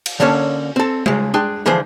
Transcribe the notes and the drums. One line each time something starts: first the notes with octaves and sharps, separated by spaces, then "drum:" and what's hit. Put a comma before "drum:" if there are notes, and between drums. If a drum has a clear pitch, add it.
drum: cymbal
D3 A#3 C#4 A4 C#5
C4 A4
C#3 G#3, drum: tom G#3
D4 G#4 G5 C6
D3 E3 F3 G#4 C5